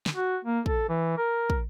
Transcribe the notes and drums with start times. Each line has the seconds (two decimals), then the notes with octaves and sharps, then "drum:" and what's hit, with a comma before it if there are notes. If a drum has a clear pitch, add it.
0.06 drum: snare
0.15 F#4
0.45 A#3
0.66 A4, drum: kick
0.89 E3
1.18 A#4
1.50 drum: kick